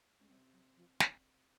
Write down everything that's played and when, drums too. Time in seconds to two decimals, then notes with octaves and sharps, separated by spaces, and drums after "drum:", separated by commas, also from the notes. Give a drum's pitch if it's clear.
0.20 G#3 C#4
0.29 C3 G3 C4
0.52 F#3
0.77 F3
1.00 E3, drum: snare